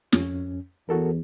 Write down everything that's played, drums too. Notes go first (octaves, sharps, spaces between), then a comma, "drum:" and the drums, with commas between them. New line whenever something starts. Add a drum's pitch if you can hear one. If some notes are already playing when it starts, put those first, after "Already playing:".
F2 C#4, drum: snare
E2 F#4 A4 A#4